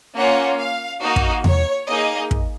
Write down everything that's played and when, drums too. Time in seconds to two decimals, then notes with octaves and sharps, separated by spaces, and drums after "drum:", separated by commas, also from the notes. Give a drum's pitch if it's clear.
0.16 A#3 C#4 F4 F#5
0.58 F5
1.02 A#3 D#4 F#4 D#5
1.16 drum: kick
1.44 C#5, drum: tom E2
1.87 A#3 D#4 G#4 D#5
2.31 drum: kick